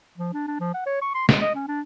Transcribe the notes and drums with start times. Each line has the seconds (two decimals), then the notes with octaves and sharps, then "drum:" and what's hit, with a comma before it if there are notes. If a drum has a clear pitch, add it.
0.18 F3
0.34 D4
0.48 D4
0.60 F3
0.74 F#5
0.86 C#5
1.02 C#6
1.14 C6
1.29 G#3, drum: snare
1.42 D#5
1.55 C#4
1.68 D4